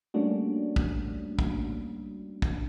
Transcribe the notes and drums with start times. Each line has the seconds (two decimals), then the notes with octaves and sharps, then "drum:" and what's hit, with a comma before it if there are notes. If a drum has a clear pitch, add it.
0.14 G3 A3 A#3 C#4 D4 F#4
0.76 drum: kick
1.39 drum: kick
2.42 drum: kick